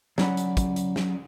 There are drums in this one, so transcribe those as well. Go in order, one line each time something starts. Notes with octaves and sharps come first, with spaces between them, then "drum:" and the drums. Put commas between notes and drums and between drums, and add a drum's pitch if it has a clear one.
F#3 C#4 D5 F#5 B5, drum: snare
drum: hi-hat
drum: kick, hi-hat
drum: hi-hat
drum: snare